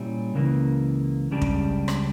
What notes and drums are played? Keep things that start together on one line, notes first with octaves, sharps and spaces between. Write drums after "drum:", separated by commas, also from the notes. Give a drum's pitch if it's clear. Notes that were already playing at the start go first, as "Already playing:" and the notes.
Already playing: A#2 G3 C#4 E4
C#2 C#3 E3 A#3
C#2 C#3 G3 D4
drum: kick
drum: rim click